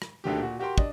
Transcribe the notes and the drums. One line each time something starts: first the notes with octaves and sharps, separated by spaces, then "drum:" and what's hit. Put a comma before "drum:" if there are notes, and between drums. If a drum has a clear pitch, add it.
drum: rim click
D2 D3 D#3 G4
A#2 F#4
F#4 G4 A#4 G5 C6
D4 D#5, drum: kick